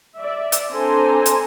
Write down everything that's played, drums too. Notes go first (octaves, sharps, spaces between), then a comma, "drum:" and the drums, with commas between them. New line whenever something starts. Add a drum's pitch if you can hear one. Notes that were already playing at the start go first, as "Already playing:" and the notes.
D5 E5
drum: hi-hat
C4 D4 A4 C5 G#5 A#5
drum: hi-hat